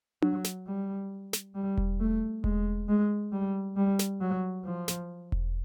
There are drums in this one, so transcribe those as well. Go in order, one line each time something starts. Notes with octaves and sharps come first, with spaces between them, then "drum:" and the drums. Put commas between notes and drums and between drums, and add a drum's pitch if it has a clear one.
F#3, drum: tom D4
drum: snare
G3
drum: snare
G3
drum: kick E1
A3
G#3, drum: kick E1
G#3
G3
G3
drum: snare
F#3
F3
drum: snare
drum: kick E1